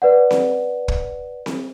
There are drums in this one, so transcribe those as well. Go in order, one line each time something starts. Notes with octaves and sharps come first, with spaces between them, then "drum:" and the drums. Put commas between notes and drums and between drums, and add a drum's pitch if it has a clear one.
B4 D5 F#5
drum: snare C4
drum: kick
drum: snare C4